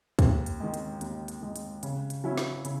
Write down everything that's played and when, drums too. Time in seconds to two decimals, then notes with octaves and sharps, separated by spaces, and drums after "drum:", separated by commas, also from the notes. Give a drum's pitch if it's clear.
0.19 D#2, drum: kick, hi-hat
0.46 drum: hi-hat
0.60 D#3 G#3
0.74 drum: hi-hat
1.01 D#2, drum: hi-hat
1.28 drum: hi-hat
1.42 D#3 G#3
1.56 drum: hi-hat
1.83 C#3, drum: hi-hat
2.10 drum: hi-hat
2.24 F#3 C#4 E4
2.38 drum: snare
2.65 C#3, drum: hi-hat